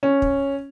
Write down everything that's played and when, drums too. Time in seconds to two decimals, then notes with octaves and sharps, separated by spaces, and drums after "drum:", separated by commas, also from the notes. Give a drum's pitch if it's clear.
0.03 C#4
0.22 drum: kick